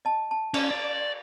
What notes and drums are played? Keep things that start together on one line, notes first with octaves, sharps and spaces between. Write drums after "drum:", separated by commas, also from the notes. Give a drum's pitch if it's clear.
D#5 A5
A5
C#4, drum: cymbal
D5